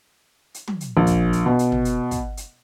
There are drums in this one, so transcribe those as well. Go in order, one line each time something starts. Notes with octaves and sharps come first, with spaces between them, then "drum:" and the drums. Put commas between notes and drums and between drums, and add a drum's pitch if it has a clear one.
drum: hi-hat
drum: tom
drum: hi-hat
A#1
drum: kick, hi-hat
drum: hi-hat
B2
drum: hi-hat
drum: tom
drum: hi-hat
drum: kick, hi-hat
drum: hi-hat